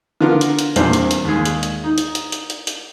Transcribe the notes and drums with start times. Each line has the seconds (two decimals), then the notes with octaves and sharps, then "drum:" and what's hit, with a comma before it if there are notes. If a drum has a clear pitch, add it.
0.21 D3 B3 F4 A#4
0.41 drum: hi-hat
0.59 drum: hi-hat
0.76 E2 A#2 G3 C4 D4 C5, drum: hi-hat
0.93 drum: hi-hat
1.11 drum: hi-hat
1.25 D#2 G#3
1.45 drum: hi-hat
1.63 drum: hi-hat
1.84 D#4
1.98 drum: hi-hat
2.15 drum: hi-hat
2.32 drum: hi-hat
2.50 drum: hi-hat
2.67 drum: hi-hat